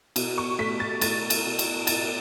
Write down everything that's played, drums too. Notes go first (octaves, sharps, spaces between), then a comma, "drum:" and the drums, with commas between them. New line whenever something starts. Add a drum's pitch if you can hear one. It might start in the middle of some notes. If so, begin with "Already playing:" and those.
B2, drum: cymbal
C#6
A3 B6
A6
A3 A6, drum: cymbal
drum: cymbal
B2
drum: cymbal
B2 A6, drum: cymbal